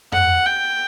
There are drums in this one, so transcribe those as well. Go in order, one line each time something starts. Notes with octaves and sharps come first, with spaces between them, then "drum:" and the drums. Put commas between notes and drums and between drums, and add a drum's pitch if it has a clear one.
F#5, drum: tom F2
G5